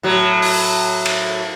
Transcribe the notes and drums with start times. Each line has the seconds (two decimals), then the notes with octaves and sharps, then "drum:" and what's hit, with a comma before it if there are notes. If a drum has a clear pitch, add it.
0.03 A2 F#3
0.42 drum: open hi-hat
1.05 drum: cymbal